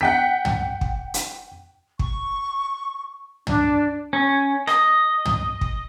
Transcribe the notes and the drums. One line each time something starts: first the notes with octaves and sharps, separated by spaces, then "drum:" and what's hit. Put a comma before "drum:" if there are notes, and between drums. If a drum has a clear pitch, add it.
F#5 G5 B6
drum: tom
drum: kick
drum: hi-hat
C#6, drum: kick
D4, drum: tom
C#4
D#5, drum: rim click
drum: tom
drum: kick